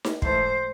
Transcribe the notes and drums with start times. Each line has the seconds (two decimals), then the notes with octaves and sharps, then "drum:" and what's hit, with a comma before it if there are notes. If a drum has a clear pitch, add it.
0.04 drum: snare D#4
0.22 G#2 E3 A3 C5, drum: kick